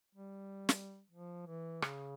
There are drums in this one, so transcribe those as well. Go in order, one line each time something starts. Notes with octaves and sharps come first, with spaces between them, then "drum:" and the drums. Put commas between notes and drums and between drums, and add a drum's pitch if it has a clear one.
G3
drum: snare
F3
E3
C#3, drum: rim click